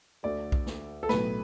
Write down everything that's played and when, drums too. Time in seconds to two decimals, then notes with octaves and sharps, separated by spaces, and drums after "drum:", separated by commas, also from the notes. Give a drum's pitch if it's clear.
0.23 D2 D3 A3 D5
0.52 drum: kick B1
0.67 drum: snare
1.03 A4
1.09 B1 A2 A3 B4, drum: snare